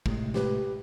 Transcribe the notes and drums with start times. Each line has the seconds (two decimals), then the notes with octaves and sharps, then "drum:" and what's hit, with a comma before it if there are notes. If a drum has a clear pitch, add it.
0.06 A2 C3 G#3, drum: kick
0.34 G4 B4, drum: snare